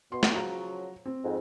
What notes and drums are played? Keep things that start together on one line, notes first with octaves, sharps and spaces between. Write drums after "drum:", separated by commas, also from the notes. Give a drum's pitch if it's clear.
B2 C6
drum: snare
C#3 F3 F#3 F#4 A#5
C4
F2 G#2